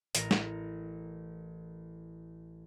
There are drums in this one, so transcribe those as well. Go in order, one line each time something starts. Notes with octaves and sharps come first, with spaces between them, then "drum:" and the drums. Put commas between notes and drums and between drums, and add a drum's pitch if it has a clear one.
A1 A#4, drum: hi-hat
drum: snare